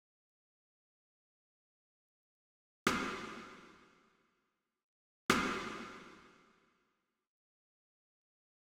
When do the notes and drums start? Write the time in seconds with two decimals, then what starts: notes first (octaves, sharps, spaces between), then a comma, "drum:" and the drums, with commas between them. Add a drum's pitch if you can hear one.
1.65 D4 D#5 D#6 F#6 A6 B6
2.87 drum: rim click
3.59 E4 F4 G4 C5 D5
4.07 A3 A#3 A4 C#5 E5 G5
4.56 A#3 C#4 E4 F#4 G4 C5
4.88 C4 D#4
5.30 drum: rim click
6.58 D6
6.76 F#6
6.90 F6
7.54 D6
7.66 F#5
7.78 F6
8.20 D5
8.44 G#4